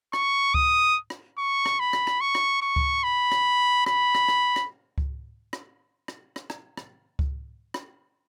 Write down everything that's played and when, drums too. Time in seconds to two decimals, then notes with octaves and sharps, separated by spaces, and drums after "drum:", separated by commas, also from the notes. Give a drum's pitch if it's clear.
0.13 C#6, drum: rim click
0.54 D#6, drum: kick C#2
1.10 drum: rim click
1.38 C#6
1.66 drum: rim click
1.80 B5
1.93 drum: rim click
2.07 drum: rim click
2.21 C#6
2.35 drum: rim click
2.62 C#6
2.76 drum: kick C#2
3.04 B5
3.32 drum: rim click
3.86 B5, drum: rim click
4.15 drum: rim click
4.28 drum: rim click
4.56 drum: rim click
4.98 drum: kick C#2
5.53 drum: rim click
6.08 drum: rim click
6.36 drum: rim click
6.50 drum: rim click
6.77 drum: rim click
7.19 drum: kick C#2
7.74 drum: rim click